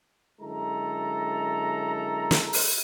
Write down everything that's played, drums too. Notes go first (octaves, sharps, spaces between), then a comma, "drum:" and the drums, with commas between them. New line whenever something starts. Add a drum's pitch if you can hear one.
F#2 D3 G#3 E4 A4 A#5
drum: snare
drum: open hi-hat